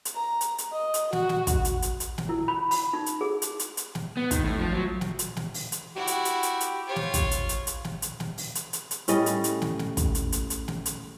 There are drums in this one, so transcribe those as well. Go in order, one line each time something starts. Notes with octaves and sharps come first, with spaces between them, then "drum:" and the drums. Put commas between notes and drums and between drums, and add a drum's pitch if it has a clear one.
drum: hi-hat
A#5
drum: hi-hat
drum: hi-hat
D#5
drum: hi-hat
F#4, drum: snare
drum: snare
drum: kick, hi-hat
drum: hi-hat
drum: hi-hat
drum: hi-hat
drum: snare
E4
B5
B5, drum: open hi-hat
D#4
drum: hi-hat
G#4
drum: hi-hat
drum: hi-hat
drum: hi-hat
drum: snare
B3
D#3, drum: kick, hi-hat
A2
F3
F#3
drum: snare
drum: hi-hat
drum: snare
drum: open hi-hat
drum: hi-hat
E4 F#4 G4
drum: hi-hat
drum: hi-hat
drum: hi-hat
drum: hi-hat
F4 C#5
drum: snare
drum: kick, hi-hat
drum: hi-hat
drum: hi-hat
drum: hi-hat
drum: snare
drum: hi-hat
drum: snare
drum: open hi-hat
drum: hi-hat
drum: hi-hat
drum: hi-hat
A2 G3 C#4 D#5, drum: hi-hat
drum: hi-hat
drum: hi-hat
drum: snare
drum: snare
drum: kick, hi-hat
drum: hi-hat
drum: hi-hat
drum: hi-hat
drum: snare
drum: hi-hat